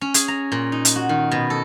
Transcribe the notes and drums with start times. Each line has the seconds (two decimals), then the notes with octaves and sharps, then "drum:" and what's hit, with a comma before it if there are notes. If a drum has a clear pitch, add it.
0.01 C#4
0.14 G#4, drum: hi-hat
0.28 A#5
0.52 A#2
0.72 D#4
0.85 drum: hi-hat
0.96 F#4
1.09 D#3
1.31 B2
1.50 A4